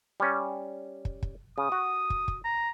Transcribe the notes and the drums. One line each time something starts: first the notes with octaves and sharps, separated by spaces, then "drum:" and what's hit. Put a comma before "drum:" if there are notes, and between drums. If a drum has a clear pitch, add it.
G3 C#4
drum: kick
drum: kick
C#3 D#6
F#4
drum: kick
drum: kick
A#5